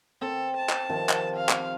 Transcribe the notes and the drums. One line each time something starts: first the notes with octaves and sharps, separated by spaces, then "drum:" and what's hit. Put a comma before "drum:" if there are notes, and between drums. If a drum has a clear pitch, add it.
C4 A4
A5
drum: clap
C3 D#3 F3
drum: clap
F5
drum: clap